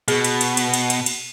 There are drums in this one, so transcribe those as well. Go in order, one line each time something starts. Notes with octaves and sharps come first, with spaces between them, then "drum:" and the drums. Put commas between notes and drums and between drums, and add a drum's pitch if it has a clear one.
B2 G#4, drum: cymbal
drum: cymbal
drum: cymbal
drum: cymbal
drum: cymbal
drum: cymbal
drum: cymbal